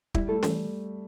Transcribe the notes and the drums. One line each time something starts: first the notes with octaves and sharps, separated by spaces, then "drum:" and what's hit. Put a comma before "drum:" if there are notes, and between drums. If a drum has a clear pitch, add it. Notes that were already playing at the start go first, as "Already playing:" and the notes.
G3 E4, drum: kick
A3 A4
E3 G3, drum: snare